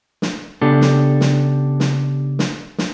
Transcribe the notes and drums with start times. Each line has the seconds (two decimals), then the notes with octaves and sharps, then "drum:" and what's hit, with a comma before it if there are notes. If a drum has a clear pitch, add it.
0.22 drum: snare
0.62 C#3 B3 D4 G4 A4
0.81 drum: snare
1.21 drum: snare
1.80 drum: snare
2.39 drum: snare
2.78 drum: snare